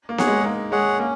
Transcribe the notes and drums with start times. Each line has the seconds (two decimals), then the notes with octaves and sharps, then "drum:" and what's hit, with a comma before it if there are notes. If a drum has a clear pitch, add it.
0.09 A#3
0.18 G#4 C#5 F#5, drum: snare B3
0.27 G#3
0.41 G#3
0.44 A#3 D#4
0.72 G#3 G#4 C#5 F#5
0.99 A#3 C#4